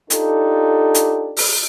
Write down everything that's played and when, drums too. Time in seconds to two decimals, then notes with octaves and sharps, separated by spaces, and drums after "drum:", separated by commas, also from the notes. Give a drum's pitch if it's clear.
0.10 D4 D#4 F4 G4 A4, drum: hi-hat
0.94 drum: hi-hat
1.37 drum: open hi-hat